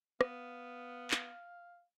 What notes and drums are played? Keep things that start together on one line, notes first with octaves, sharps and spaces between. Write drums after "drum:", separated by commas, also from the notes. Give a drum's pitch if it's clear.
B3 F5, drum: rim click
drum: clap